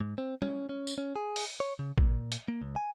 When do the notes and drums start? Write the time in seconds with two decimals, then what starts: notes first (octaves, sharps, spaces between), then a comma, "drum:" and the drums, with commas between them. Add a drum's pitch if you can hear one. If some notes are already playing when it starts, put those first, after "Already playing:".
0.01 G#2
0.18 C4
0.42 C#4, drum: tom G3
0.69 C#4
0.87 drum: tambourine
0.98 C#4
1.16 G#4
1.36 drum: open hi-hat
1.60 C#5
1.79 C#3
1.98 A#2, drum: kick A1
2.32 drum: hi-hat
2.48 A#3
2.62 C#2
2.76 G#5